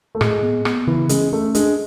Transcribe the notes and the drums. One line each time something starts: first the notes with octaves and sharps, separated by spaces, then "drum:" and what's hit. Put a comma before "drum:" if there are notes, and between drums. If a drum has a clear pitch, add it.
A3
A2 G#3, drum: rim click
B3
B3, drum: rim click
C#3 E3
G#3 C#4, drum: hi-hat
A3 C#4
G#3 D4, drum: hi-hat